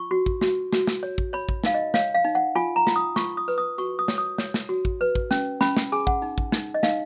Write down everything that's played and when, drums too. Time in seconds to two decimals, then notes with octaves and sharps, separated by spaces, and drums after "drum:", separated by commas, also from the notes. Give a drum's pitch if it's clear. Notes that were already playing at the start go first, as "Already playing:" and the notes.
Already playing: F4 C#6
0.11 F#4
0.26 drum: kick
0.41 F#4, drum: snare
0.73 F#4, drum: snare
0.87 drum: snare
1.03 C#5, drum: tambourine
1.18 drum: kick
1.33 C#5 B5, drum: tambourine
1.49 drum: kick
1.64 D#4 F5, drum: snare
1.74 D#5
1.94 C#5 F5, drum: snare
2.15 F5
2.24 D#4, drum: tambourine
2.35 F#5
2.55 F4 G#5, drum: tambourine
2.76 A#5
2.87 F4, drum: snare
2.96 D#6
3.16 F4 C#6, drum: snare
3.37 D#6
3.48 B4, drum: tambourine
3.58 D#6
3.78 F#4 C#6, drum: tambourine
3.99 D#6
4.08 C#5, drum: snare
4.18 D#6
4.38 C#5, drum: snare
4.54 drum: snare
4.69 F#4, drum: tambourine
4.85 drum: kick
5.01 B4, drum: tambourine
5.15 drum: kick
5.31 C#4, drum: snare
5.61 C#4 B5, drum: snare
5.77 drum: snare
5.92 G#4 G#5, drum: tambourine
6.07 F#5, drum: kick
6.22 D#4, drum: tambourine
6.38 drum: kick
6.52 D#4, drum: snare
6.74 D#5
6.83 D#4 F5, drum: snare